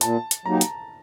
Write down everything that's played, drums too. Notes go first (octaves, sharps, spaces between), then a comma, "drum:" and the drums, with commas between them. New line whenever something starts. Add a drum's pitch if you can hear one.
A#2 A5, drum: hi-hat
drum: hi-hat
F#3 A#3 D#4 G4 A#5
drum: hi-hat